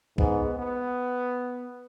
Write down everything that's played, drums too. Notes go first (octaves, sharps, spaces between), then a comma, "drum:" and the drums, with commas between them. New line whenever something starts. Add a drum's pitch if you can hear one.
G#2 B3, drum: kick B1
B3